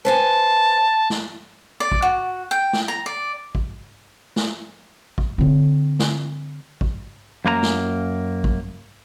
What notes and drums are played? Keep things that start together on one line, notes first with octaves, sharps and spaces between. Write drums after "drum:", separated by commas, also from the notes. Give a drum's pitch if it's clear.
B4 C5 G#5 A5
drum: snare
D5
drum: kick
F#4
G5
drum: snare
A#5
D5
drum: kick
drum: snare
drum: kick
D3 C4
drum: snare
drum: kick
F#2 A#3 A#4 A#5
drum: snare
drum: kick